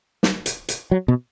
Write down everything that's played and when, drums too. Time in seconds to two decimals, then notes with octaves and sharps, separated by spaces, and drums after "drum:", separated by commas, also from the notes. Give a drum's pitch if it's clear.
0.23 drum: snare
0.46 drum: hi-hat
0.68 drum: hi-hat
0.91 F#3
1.08 B2